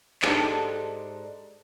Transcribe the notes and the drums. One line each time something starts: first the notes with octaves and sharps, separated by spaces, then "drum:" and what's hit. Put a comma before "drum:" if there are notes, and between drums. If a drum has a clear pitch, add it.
G#2 G#3 D4 G4 A4, drum: clap